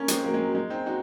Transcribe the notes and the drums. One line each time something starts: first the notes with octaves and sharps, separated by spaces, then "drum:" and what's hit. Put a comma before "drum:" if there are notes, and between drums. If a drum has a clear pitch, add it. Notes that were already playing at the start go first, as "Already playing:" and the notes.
Already playing: A#3 C#4
G#3 C4, drum: hi-hat
F#3 A#3
G#3
F#3
G#3
C4 D#4
D#4 F#4